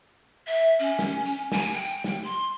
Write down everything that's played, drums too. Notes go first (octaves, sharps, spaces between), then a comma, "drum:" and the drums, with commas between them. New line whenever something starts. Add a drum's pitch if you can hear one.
E5
C#4
drum: snare
drum: hi-hat
G#5, drum: snare
G5
drum: snare
C6